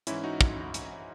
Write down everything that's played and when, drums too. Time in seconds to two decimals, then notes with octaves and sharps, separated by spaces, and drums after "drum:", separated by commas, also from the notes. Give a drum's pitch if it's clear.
0.07 G#2 E3 C#4 E4, drum: hi-hat
0.24 D#4 F#4
0.41 drum: kick
0.74 drum: hi-hat